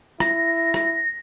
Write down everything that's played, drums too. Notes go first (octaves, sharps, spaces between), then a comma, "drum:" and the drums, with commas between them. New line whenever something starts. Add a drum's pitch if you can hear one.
E4 A#6, drum: rim click
drum: rim click